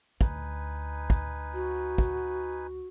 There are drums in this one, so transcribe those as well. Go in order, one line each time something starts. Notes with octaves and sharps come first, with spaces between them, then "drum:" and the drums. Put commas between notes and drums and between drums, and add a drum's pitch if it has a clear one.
D2 D#4 B4 G#5, drum: kick
drum: kick
F#4
drum: kick